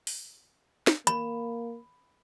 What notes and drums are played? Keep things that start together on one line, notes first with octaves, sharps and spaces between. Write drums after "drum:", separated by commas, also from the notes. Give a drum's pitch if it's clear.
drum: open hi-hat
drum: snare
A#3 B5, drum: hi-hat